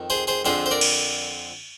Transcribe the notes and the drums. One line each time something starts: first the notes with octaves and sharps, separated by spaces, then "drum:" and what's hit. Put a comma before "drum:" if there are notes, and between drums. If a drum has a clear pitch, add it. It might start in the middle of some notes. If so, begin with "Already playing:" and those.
Already playing: F2 D#3
G#4 C5
G#4 C5
F2 D3 F3 G#4 C5
C5
A#4 D5
drum: cymbal